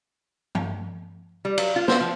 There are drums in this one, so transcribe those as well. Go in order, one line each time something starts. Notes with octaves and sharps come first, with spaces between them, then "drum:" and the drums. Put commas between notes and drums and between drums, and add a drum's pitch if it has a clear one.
drum: tom
G3
F#3, drum: cymbal
F4
C5, drum: snare
F3